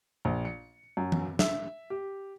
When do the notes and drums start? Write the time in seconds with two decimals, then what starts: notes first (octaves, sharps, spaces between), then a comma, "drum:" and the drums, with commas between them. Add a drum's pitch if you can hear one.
0.25 A#1
0.45 C#7
0.97 F#2
1.12 drum: tom
1.39 E5, drum: snare
1.90 G4